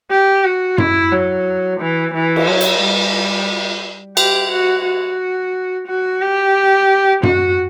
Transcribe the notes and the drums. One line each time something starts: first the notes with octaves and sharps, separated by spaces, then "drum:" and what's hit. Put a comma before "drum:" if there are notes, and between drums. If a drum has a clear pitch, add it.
G4
F#4
E4, drum: tom F#2
F#3
E3
E3
drum: cymbal
F#3
drum: hi-hat
G3
G4, drum: cymbal
F#4
F#4
F#4
G4
F#4, drum: tom F#2